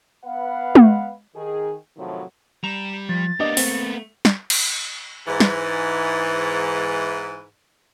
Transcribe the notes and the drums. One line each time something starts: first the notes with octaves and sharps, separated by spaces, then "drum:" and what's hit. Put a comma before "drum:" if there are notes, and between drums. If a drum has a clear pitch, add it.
B3 B4 F5 F#5
drum: tom
D#3 G#4
A2 C3 D#3 F3 F#3
G3 A#5 E7
F3 A6
A#3 B3 D4 G4 D#5
A3 C4, drum: open hi-hat
drum: snare
drum: cymbal
G#2 E3
drum: snare